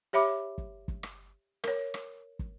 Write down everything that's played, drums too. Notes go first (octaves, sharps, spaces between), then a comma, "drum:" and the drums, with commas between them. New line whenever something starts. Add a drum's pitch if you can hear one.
G4 C#5 E5 B5 D6
drum: kick
drum: kick
drum: rim click
A#4 C#5, drum: rim click
drum: rim click
drum: kick